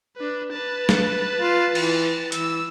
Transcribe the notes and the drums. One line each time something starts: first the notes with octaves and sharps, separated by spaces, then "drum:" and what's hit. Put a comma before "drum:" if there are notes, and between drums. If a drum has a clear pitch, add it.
D4 B4
B4 A5
drum: snare
F4
E3, drum: cymbal
E3 E6, drum: hi-hat